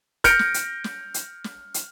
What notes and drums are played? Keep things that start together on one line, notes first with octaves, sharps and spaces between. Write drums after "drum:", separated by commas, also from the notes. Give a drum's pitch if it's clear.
F6 G6 A#6 C#7 D7, drum: kick F1, hi-hat
drum: snare
drum: hi-hat
drum: snare
drum: hi-hat
drum: snare
drum: hi-hat